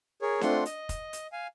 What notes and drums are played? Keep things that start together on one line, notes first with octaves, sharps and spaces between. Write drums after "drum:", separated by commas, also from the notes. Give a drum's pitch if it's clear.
G#4 A#4 C#5
A3 C4 D4 F4 F#5 C6, drum: snare D4
D#5, drum: hi-hat
drum: kick F1, hi-hat
drum: hi-hat
F5 G#5